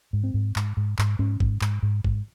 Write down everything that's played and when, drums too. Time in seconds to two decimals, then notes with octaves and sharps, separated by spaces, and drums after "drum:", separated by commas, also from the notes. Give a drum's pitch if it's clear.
0.13 G#2
0.24 C4
0.34 G#2
0.56 G#2, drum: clap
0.77 G#2
0.99 G#2, drum: clap
1.19 G#2 C#4
1.40 G#2, drum: kick
1.61 G#2, drum: clap
1.83 G#2
2.04 G#2, drum: kick